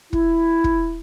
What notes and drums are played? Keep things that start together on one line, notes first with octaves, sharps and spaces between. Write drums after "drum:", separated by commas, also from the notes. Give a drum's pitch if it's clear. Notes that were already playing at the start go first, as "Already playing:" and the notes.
E4, drum: kick
drum: kick